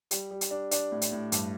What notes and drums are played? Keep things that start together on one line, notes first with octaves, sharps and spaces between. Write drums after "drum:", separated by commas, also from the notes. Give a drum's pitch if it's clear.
G3, drum: hi-hat
G3
drum: hi-hat
D4
D4, drum: hi-hat
A2
drum: hi-hat
A2
G2, drum: hi-hat